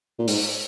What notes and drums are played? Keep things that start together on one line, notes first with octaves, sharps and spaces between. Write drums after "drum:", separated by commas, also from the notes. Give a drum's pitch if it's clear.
A#2
G#2, drum: open hi-hat